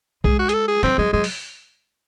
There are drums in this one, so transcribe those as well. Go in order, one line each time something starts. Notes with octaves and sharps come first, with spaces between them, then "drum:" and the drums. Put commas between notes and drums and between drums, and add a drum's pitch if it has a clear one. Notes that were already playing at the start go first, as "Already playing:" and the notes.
G#3 G#4, drum: kick B1
F#4
G#4, drum: hi-hat
A4
G#4
F#3 C4, drum: snare
F#3 G#3
F#3 G#3
drum: open hi-hat